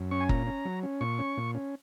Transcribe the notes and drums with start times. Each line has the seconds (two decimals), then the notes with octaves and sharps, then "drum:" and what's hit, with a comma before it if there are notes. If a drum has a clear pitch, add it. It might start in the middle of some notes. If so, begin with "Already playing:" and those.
Already playing: F#2
0.11 C#4 C#6
0.21 G#5
0.29 A#2 A#5, drum: kick F#1
0.47 C#4
0.65 F#3
0.83 C#4
1.01 A#2 C#6
1.19 C#4
1.37 A#2
1.55 C#4